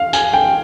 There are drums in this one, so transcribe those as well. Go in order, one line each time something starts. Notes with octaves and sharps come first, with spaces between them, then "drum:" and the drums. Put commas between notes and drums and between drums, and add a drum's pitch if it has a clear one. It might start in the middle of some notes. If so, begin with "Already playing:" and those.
Already playing: F5
G#5, drum: tambourine
G5